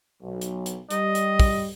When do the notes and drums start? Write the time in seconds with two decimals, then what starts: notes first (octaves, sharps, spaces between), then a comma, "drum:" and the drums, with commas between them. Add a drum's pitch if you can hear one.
0.23 B1 F#3
0.41 drum: hi-hat
0.66 drum: hi-hat
0.90 G3 D#5, drum: hi-hat
1.15 drum: hi-hat
1.40 drum: kick, open hi-hat